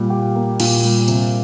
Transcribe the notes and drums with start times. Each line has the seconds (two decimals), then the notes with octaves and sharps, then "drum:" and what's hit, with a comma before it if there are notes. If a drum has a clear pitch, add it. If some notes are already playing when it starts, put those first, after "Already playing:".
Already playing: A#2 G3
0.10 G4
0.35 A#3
0.60 A#2, drum: cymbal
0.84 G3, drum: open hi-hat
1.08 C3, drum: tambourine